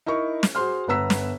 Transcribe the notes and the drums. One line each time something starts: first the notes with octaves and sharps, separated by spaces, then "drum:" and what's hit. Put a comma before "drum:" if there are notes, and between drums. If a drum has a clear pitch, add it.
D#4 E4 A#4 C#6
drum: snare
F#4 G#4 C5 C6 F6
G1 B3 B4 A#5 E6 B6
drum: snare